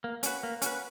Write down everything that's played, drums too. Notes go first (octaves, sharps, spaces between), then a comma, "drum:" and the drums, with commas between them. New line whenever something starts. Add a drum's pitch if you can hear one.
A#3
C#4 F#4 B4, drum: hi-hat
A#3
C#4 F#4 B4, drum: hi-hat